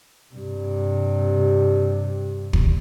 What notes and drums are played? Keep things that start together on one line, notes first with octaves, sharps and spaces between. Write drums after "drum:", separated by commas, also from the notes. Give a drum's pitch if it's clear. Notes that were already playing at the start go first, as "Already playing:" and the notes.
G2 C3
drum: kick